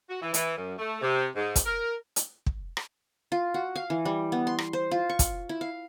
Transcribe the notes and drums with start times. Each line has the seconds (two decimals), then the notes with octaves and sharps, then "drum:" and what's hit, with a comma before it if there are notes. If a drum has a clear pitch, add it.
0.09 F#4
0.21 E3
0.34 E3, drum: hi-hat
0.57 F#2
0.78 A3
1.02 C3
1.36 G#2
1.56 drum: kick, hi-hat
1.65 A#4
2.16 drum: hi-hat
2.46 drum: kick
2.77 drum: rim click
3.32 F4
3.54 F#4
3.76 F5
3.90 E3
4.05 G3
4.32 B3
4.47 C6
4.58 drum: rim click
4.73 C5
4.91 F4
5.09 C#6
5.19 drum: kick, hi-hat
5.49 E4
5.61 F5